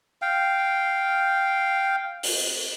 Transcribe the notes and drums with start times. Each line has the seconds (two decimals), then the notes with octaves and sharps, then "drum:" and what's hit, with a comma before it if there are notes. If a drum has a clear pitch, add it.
0.22 F5 G5
2.23 drum: open hi-hat